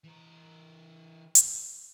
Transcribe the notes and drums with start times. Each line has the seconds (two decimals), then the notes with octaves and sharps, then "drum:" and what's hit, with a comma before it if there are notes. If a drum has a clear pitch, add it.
0.04 E3 A#4
1.35 drum: hi-hat